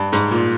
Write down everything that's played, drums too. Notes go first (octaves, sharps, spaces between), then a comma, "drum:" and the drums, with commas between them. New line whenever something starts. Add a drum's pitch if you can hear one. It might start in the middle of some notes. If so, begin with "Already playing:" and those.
Already playing: G2
G#2, drum: hi-hat
A#2